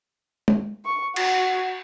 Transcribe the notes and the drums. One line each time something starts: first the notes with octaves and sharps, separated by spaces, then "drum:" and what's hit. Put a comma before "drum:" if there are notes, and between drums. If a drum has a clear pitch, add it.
drum: tom
C#6
F#4, drum: cymbal